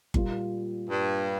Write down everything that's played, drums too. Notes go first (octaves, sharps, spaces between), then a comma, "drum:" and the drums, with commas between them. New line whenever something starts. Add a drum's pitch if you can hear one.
A#2 G3 A#3 F4, drum: kick G1
G2